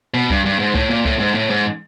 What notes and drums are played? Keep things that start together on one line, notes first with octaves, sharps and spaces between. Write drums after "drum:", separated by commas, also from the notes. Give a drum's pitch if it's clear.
B2
G2, drum: kick C2
G2
G#2
A2, drum: kick C2
A#2
A2, drum: kick C2
G#2
A2
G#2